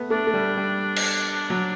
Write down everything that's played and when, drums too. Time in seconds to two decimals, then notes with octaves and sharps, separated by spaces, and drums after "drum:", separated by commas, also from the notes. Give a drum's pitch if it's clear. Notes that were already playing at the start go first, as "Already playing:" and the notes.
Already playing: A3 B3
0.10 A3 D4
0.27 A3
0.34 G3
0.57 G3
0.96 drum: cymbal
1.50 F#3